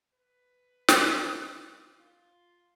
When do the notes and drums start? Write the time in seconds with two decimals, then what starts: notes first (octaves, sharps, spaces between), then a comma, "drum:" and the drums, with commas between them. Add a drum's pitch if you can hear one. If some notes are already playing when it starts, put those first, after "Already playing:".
0.14 B4
0.88 drum: snare
1.99 F4